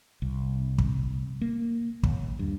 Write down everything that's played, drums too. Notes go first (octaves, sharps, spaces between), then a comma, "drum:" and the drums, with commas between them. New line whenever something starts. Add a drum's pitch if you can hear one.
C2
drum: kick
A#3
D#2, drum: kick
G2